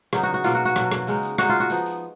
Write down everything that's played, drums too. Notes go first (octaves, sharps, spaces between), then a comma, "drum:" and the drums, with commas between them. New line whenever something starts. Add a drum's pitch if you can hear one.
C#3 F#3 B3 D#4, drum: rim click
F#4
F#4
B2 F#3 A#3 F4, drum: tambourine
F#4
F#4
B2 F#3 A#3, drum: rim click
drum: rim click
C#3 G#3 D#4, drum: tambourine
drum: tambourine
C#3 G#3 D#4 F#4, drum: rim click
F4
F#4
F3 B3 D#4, drum: tambourine
drum: tambourine